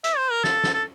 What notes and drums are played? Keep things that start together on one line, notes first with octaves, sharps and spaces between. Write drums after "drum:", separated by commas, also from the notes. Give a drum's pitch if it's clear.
E5, drum: hi-hat
C5
A#4
A4, drum: snare
drum: snare
A4